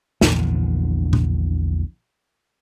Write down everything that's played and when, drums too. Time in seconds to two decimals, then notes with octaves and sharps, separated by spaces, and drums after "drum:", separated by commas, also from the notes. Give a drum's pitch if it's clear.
0.21 A#1 E2 D3, drum: snare
1.13 drum: tom A#2